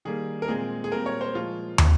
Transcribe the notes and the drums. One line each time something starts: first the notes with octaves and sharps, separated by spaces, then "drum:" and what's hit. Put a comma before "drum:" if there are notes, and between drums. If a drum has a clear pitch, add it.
D#3 G3 A#3 G#4
A#4
A#2 G#3 C4 G#4
G#4
A#2 G3 C4 A#4
C#5
C5
A#2 F3 G#3 F4
F3 C4, drum: tom